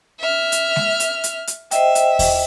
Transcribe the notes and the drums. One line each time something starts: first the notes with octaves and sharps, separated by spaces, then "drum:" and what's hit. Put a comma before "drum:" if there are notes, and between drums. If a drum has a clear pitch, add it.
E5 F6
drum: hi-hat
drum: snare G#3
drum: hi-hat
drum: hi-hat
drum: hi-hat
C5 D#5 E5 G5, drum: hi-hat
drum: hi-hat
drum: kick D#2, open hi-hat